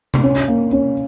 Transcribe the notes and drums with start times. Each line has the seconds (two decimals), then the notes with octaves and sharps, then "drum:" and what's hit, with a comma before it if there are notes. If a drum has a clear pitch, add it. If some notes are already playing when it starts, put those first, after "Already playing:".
0.14 drum: tom C3
0.23 C#4
0.48 A#3
0.73 C#4